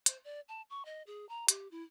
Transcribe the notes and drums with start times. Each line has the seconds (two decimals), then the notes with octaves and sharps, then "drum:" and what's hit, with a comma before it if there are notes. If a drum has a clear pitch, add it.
0.06 C5, drum: hi-hat
0.24 D5
0.48 A5
0.70 C#6
0.85 D#5
1.07 G#4
1.29 A#5
1.48 G4, drum: hi-hat
1.71 E4